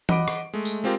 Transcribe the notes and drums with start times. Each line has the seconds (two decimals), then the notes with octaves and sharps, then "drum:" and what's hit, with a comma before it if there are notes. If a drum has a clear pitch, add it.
0.09 D#5 F#5 B5 D6 D7, drum: tom E3
0.28 drum: rim click
0.54 G#3 A3
0.65 drum: tambourine
0.84 G#3 C4 F4 G4 A#4